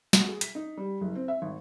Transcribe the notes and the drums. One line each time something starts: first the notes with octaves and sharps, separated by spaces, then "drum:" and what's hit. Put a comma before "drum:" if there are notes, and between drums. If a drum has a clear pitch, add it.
F#4, drum: snare
G#4
B6, drum: hi-hat
D#4
G3
F#1
C4
E5
G#1